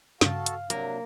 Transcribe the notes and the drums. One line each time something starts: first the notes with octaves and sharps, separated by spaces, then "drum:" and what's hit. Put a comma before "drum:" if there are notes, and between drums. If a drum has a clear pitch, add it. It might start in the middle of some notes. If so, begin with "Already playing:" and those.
G2 C#3 F#4 A4 F5 A5, drum: snare
drum: hi-hat
C3 F#3 A#3 D4, drum: hi-hat